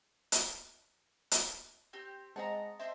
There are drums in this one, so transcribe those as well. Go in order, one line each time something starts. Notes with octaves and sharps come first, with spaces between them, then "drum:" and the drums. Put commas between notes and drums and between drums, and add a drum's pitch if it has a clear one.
drum: hi-hat
drum: hi-hat
C4 G4
G#3 C4 D#5 F#5 A5 A#5
C4 C5 E5